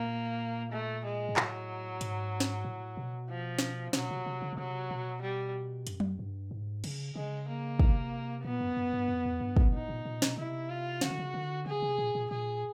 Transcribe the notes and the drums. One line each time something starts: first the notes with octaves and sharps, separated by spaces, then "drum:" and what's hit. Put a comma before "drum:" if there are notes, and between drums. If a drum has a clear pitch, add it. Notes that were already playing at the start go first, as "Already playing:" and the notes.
Already playing: A#2 A#3
A3
G#3
G#2
A2 F#3, drum: clap
G#2, drum: hi-hat
drum: snare
A2
B2
F3
drum: snare
B2 F#3, drum: snare
C3
C3
C#3
B2
C3 F#3
B2
G3
F#2, drum: hi-hat
drum: tom F#3
G2
G#2
C#3, drum: cymbal
C#3 G#3
A#3
C3, drum: kick
A#2 B3
F#2
F#2
G2
F2
E2
G2
G#2, drum: kick
G#2
A2 D#4
A#2
A#2
B2, drum: snare
C3 E4
F4
C#3 F#4, drum: snare
D3
C#3
D3
C#3 G#4
C3
A#2
A#2
A#2 G#4